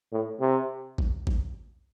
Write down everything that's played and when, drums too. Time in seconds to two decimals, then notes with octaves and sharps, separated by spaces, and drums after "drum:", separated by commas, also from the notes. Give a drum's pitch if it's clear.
0.12 A2
0.41 C3
0.98 drum: kick A1
1.27 drum: kick A1